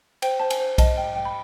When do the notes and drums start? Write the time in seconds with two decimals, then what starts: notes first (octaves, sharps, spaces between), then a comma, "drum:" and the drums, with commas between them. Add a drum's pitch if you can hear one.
0.22 C5 G5, drum: cymbal
0.40 C5 A5
0.50 G#5, drum: cymbal
0.59 C5
0.78 D#5 A5, drum: kick B1, cymbal
0.97 G5
1.16 G5
1.25 B5